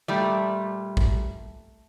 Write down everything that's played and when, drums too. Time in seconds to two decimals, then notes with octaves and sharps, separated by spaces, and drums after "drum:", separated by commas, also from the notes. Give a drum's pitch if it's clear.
0.08 A#2 G3 A3 D5
0.97 drum: kick A1